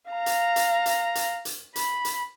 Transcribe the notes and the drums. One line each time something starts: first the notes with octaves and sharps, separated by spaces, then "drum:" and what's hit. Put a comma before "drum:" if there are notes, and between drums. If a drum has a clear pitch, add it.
F5 A#5
drum: hi-hat
drum: hi-hat
drum: hi-hat
drum: hi-hat
drum: hi-hat
B5, drum: hi-hat
drum: hi-hat